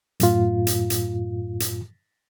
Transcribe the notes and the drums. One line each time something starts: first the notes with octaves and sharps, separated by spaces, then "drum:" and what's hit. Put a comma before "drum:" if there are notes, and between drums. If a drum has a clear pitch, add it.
F#2 A2 F4, drum: hi-hat
drum: hi-hat
drum: hi-hat
drum: hi-hat